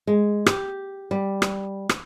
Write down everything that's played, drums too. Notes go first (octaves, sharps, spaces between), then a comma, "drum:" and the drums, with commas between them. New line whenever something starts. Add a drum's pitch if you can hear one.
G#3
G4, drum: rim click
G3
drum: rim click
drum: rim click